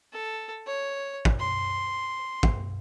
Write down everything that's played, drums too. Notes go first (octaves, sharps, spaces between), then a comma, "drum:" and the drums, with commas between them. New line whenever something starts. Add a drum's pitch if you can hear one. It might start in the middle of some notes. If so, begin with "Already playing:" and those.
A4
C#5
drum: kick
C6
drum: kick